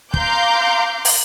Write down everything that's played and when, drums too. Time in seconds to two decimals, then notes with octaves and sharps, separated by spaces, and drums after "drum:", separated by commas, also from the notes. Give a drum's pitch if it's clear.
0.14 F5 A#5 C6 D6 G6, drum: kick
1.05 drum: open hi-hat